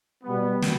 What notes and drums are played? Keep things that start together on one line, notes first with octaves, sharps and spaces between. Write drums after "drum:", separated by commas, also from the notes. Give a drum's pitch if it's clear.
B2 G3 B3
drum: snare